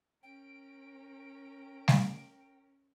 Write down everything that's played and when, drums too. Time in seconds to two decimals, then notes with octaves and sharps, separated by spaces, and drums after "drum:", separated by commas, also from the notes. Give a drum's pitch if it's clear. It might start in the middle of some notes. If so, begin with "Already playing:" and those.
0.23 C#4 A#4 G5 D7
1.88 drum: snare G3